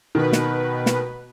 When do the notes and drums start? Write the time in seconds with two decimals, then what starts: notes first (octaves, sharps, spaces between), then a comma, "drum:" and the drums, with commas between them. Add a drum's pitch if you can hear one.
0.15 B2 D#3 B4
0.33 drum: snare
0.86 drum: snare